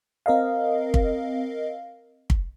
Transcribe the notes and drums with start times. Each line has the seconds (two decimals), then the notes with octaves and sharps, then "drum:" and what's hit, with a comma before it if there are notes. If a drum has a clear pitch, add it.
0.26 C4 A#4 D#5 F5
0.94 drum: kick
2.30 drum: kick